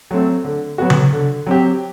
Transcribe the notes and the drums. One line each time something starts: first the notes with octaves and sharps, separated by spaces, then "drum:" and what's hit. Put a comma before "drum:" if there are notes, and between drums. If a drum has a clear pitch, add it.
F#3 A3 C4
D3
F#3 B3 F#4
drum: tom C#3
D3
F#3 C4 G4